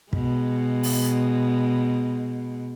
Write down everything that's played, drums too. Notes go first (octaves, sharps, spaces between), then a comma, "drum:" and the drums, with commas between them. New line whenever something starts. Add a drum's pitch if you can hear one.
B2 G#3, drum: kick
drum: open hi-hat